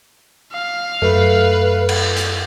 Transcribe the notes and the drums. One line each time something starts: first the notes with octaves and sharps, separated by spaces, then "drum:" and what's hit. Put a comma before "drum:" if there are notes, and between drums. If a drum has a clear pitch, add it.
F5
F#2 A3 B4
drum: cymbal
drum: hi-hat